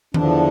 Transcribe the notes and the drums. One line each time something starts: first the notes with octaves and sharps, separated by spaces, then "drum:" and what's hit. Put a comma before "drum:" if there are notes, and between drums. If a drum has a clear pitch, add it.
E2 D3 F3 D4, drum: tom D#3